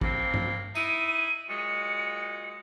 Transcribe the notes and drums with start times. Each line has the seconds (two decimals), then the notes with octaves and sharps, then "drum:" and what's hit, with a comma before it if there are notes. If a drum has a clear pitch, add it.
0.01 A2 A#3 C4, drum: kick
0.34 drum: tom G2
0.75 D#4 E4 D#7, drum: tambourine
1.49 A#2 F#3 G#3 C#7